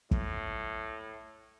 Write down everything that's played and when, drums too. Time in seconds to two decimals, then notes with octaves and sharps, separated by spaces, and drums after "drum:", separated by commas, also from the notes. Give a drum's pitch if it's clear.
0.11 A2, drum: kick